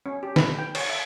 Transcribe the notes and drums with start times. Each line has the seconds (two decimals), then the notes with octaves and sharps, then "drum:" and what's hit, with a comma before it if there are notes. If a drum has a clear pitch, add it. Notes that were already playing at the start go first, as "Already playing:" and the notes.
0.06 C#4
0.23 G4
0.36 B4, drum: snare
0.58 G5
0.75 C#5, drum: cymbal
0.90 E5